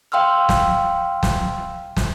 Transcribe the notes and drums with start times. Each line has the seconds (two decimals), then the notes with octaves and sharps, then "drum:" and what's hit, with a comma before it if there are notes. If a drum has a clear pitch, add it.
0.12 F5 G5 C6 E6 F6
0.49 drum: snare
1.23 drum: snare
1.97 drum: snare